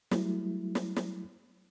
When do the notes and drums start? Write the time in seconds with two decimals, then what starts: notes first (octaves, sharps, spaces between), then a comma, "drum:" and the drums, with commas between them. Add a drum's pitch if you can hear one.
0.11 F#3 G3 A3 E4, drum: snare
0.75 drum: snare
0.96 drum: snare